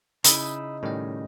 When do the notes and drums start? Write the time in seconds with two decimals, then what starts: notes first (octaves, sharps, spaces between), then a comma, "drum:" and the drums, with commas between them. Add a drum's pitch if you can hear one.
0.24 C#3 D#4 E4 B5 D#6 E6, drum: hi-hat
0.83 A2 D#3 G3 C#4 D#5